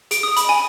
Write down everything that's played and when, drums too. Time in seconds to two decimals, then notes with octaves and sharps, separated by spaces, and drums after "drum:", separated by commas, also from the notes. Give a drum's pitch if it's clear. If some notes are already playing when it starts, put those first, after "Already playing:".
0.11 G#4 D7, drum: hi-hat
0.23 G#4 D#6
0.36 B5, drum: hi-hat
0.44 D#5 G#5